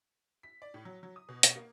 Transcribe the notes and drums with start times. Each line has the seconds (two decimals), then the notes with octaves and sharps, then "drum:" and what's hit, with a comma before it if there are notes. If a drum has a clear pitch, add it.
0.43 B6
0.62 D5
0.74 A2
0.85 F#3
1.03 F#3
1.16 D#6
1.29 B2
1.43 B2, drum: hi-hat
1.56 A#3